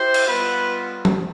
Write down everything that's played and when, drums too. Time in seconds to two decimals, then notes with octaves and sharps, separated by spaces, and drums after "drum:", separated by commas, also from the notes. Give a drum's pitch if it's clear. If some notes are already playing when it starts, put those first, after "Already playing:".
Already playing: E4 G4 C5
0.14 drum: cymbal
0.27 G3 B3 F4 B4
1.05 drum: tom F3